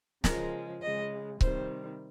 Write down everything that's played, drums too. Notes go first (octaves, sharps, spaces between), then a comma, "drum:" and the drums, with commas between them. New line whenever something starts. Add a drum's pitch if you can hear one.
C#3 F3 G#3 A#4, drum: snare
C#3 G#3 D#5
C3 D#3 G3 C5, drum: kick C#1